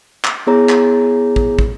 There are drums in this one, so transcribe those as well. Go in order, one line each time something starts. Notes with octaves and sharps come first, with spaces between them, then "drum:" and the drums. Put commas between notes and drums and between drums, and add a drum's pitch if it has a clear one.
drum: clap
B3 E4 G#4 C#5 A#5
drum: clap
drum: kick
drum: kick